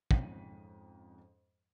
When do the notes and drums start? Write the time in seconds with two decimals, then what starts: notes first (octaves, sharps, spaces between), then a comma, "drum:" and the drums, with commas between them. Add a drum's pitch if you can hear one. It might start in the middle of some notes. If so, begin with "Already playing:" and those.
0.11 F2 G#2 C#4 B6 D#7, drum: kick